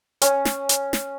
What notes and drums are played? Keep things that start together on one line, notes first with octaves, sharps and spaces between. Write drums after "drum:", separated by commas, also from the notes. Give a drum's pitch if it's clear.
C#4, drum: hi-hat
drum: snare
drum: hi-hat
drum: snare